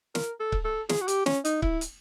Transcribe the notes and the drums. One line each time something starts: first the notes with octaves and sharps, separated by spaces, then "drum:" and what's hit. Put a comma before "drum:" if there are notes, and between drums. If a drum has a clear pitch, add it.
A#4, drum: snare
A4
drum: kick C#1
A4
G#4, drum: snare
F#4
G4, drum: hi-hat
C#4, drum: snare
D#4, drum: hi-hat
E4, drum: kick C#1
drum: hi-hat